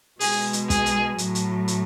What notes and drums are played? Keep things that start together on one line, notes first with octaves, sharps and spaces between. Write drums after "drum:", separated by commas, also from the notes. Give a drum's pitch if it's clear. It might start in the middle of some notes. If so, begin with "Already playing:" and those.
B2 G#3 G#4, drum: open hi-hat
drum: hi-hat
G#4, drum: kick, hi-hat
drum: hi-hat
A2 F#3, drum: hi-hat
drum: hi-hat
drum: hi-hat